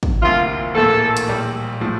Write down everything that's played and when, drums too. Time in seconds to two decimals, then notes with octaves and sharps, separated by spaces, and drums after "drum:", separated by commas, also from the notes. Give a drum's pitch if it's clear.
0.03 drum: kick
0.22 D2 C3 F3 A#3 E4 F4
0.75 A#1 A2 E3 A#3 A4
1.17 drum: hi-hat
1.27 A#1 A#2 G3
1.81 A2 F3